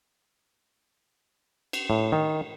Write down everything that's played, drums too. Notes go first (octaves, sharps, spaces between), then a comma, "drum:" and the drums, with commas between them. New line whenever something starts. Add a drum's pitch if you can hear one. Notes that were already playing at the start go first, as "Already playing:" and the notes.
drum: cymbal
A2
D#3